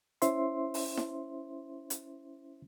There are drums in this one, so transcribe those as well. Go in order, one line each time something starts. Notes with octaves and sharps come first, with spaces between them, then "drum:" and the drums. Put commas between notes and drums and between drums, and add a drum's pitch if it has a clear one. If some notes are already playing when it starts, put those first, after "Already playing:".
C#4 E4 C5 E5 C6, drum: hi-hat
drum: open hi-hat
drum: snare E4
drum: hi-hat